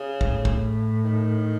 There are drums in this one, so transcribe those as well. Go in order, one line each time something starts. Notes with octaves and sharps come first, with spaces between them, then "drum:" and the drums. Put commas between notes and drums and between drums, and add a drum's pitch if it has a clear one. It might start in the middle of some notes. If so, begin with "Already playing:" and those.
Already playing: C#3
A2, drum: kick
drum: kick
D#3